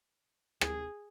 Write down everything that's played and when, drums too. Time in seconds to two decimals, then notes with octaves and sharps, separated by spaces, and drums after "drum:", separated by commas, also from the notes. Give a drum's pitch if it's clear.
0.61 G#4, drum: rim click